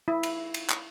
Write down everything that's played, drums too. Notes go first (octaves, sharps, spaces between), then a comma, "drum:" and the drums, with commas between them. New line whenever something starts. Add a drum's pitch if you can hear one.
E4
drum: cymbal
drum: cymbal
drum: clap